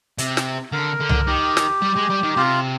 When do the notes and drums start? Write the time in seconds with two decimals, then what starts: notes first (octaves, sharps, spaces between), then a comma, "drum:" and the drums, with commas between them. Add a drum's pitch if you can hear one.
0.18 C3, drum: hi-hat
0.37 drum: snare
0.72 D3 A#4
1.00 D3
1.09 drum: tom C2
1.27 D#3 G4
1.57 drum: snare
1.82 G3
1.96 G#3
2.10 G3
2.23 D#3
2.37 C3 F4